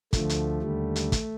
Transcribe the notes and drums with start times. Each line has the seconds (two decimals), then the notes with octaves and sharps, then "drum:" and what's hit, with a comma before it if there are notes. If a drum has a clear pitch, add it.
0.13 D2 D3 F3 A3, drum: kick, hi-hat
0.29 drum: hi-hat
0.62 D#2 D3 G3
0.96 drum: hi-hat
1.12 drum: kick, hi-hat